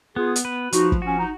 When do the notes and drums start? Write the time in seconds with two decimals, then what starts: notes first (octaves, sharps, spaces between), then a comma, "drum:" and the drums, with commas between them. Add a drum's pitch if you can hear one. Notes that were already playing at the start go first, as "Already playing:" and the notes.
0.16 B3 F4 G#4
0.36 drum: hi-hat
0.45 B4
0.73 F3 D#4 F#4, drum: hi-hat
0.92 drum: kick
1.02 C#4 F#4
1.18 D#4